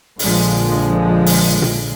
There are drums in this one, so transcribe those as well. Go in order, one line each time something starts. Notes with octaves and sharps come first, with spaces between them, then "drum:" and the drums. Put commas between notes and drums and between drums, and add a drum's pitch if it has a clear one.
A#1 A#2 D3 F3 G#3, drum: open hi-hat
drum: open hi-hat
drum: tom A#2